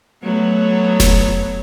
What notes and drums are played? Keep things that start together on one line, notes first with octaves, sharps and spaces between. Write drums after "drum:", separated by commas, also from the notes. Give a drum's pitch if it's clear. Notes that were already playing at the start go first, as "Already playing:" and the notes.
F#3 A3 B3
drum: snare F1